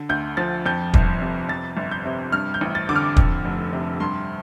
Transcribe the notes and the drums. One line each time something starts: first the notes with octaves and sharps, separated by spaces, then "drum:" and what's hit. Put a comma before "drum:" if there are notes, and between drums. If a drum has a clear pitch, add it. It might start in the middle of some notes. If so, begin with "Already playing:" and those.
Already playing: D3
D2 G6
F3 A6
F2 G6
G1, drum: kick
C3
F2 A6
G1
G6
C3
G2 F6
G6
A1
A6
D3 D6
F6
F2, drum: kick
F1
C3
G2 C6